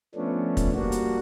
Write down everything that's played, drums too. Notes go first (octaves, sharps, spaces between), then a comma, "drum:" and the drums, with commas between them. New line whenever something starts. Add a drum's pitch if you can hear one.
F3 A3 B3 C#4 D4
drum: kick, hi-hat
G3 A#3 D4 F#4
drum: hi-hat